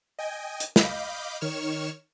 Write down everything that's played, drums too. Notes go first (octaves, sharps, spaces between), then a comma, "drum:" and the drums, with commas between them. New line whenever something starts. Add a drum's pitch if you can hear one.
D#5 G5 G#5
drum: hi-hat
D#5 F5 B5 D6 G6, drum: snare
D#3 C#5 C#6 F6 E7